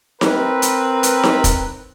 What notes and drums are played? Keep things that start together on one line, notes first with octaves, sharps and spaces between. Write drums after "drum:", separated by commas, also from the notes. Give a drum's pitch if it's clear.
C4 A#4 B4, drum: snare D#4
drum: hi-hat
drum: hi-hat
drum: snare D#4
drum: kick, hi-hat